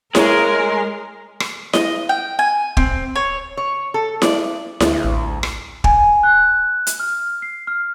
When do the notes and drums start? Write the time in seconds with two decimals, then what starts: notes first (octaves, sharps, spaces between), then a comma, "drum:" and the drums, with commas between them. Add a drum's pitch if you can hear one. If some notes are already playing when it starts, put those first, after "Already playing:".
0.15 G#3 A#4 C#5 A#5, drum: snare E4
1.40 drum: rim click
1.73 D#5, drum: snare E4
2.09 G5
2.39 G#5
2.77 C4, drum: kick
3.15 C#5
3.57 C#5
3.94 A4
4.22 D5, drum: snare E4
4.80 D2, drum: snare E4
5.05 A1
5.43 drum: rim click
5.84 G#5, drum: kick
6.23 F#6
6.87 drum: hi-hat
7.00 F6
7.42 C7
7.67 F6